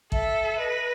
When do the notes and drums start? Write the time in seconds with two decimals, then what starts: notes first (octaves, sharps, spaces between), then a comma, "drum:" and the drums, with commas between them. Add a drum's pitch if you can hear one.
0.12 A4 E5, drum: kick
0.58 B4 D#5